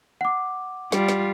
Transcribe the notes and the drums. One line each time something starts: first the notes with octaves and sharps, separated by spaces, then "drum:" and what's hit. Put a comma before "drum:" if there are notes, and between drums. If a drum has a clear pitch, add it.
F#5 D6
G3 F4, drum: snare
drum: snare